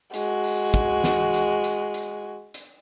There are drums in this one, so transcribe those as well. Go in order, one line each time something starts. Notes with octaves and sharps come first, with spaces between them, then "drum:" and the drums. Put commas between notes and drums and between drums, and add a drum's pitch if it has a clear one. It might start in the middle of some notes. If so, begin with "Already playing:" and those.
G#3 F#4, drum: hi-hat
drum: open hi-hat
drum: kick, hi-hat
drum: snare
drum: hi-hat
drum: hi-hat
drum: hi-hat
drum: hi-hat